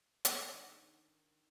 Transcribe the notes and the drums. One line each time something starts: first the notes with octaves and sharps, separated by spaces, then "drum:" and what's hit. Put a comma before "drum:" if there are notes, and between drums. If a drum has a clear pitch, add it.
D#3 D4 D#4, drum: hi-hat